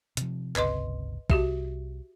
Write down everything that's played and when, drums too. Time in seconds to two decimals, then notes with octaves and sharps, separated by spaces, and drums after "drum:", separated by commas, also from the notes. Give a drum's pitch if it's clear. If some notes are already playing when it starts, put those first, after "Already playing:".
0.17 C3 F3, drum: hi-hat
0.56 G1 C#2 C3 B4 D#5 C6, drum: clap
1.30 C2 F#4 G4 E5, drum: kick A#1